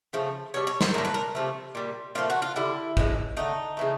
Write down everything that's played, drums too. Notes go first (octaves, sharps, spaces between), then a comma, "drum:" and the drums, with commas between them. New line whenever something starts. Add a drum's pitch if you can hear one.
C#3 F3 A3
B2 G3 C#5
C#5
C5, drum: snare
A#2 F#3 A3 A#4
B4
A#4
C3 F3 A3
A#2 G3
A#2 F3 A3 F4
F#4
F4
D3 G3 E4
A2 E3 G#3, drum: kick
D3 F3 A3 D#4
C#3 E3 A3